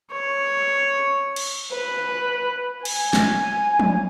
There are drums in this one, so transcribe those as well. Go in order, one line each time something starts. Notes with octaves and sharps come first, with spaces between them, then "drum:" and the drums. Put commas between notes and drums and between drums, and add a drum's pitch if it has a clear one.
C#5
drum: cymbal
B4
G#5, drum: cymbal
drum: snare
drum: tom F3